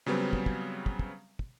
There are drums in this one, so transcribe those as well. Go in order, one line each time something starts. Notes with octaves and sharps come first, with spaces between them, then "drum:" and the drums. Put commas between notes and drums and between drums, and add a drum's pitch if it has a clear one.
C#3 F#3 G3 B3 C4
drum: kick
drum: kick
drum: kick
drum: kick
drum: kick